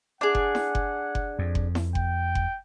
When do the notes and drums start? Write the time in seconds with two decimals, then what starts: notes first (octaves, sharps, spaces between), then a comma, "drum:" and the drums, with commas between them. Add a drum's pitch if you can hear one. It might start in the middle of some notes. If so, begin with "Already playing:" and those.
0.21 D4 G#4 F#5
0.35 drum: kick F#1
0.55 drum: snare E4
0.75 drum: kick F#1
1.15 drum: kick F#1
1.39 F2
1.55 drum: kick F#1
1.75 drum: snare E4
1.95 G5, drum: kick F#1
2.35 drum: kick F#1